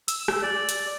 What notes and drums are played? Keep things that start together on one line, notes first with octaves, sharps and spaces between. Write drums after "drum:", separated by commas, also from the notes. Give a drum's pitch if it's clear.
E6, drum: hi-hat
drum: rim click
D5
drum: hi-hat